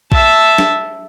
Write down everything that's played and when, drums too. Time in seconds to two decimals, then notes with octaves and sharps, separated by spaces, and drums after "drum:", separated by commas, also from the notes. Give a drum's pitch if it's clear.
0.12 E5 A5, drum: kick A#1
0.58 drum: snare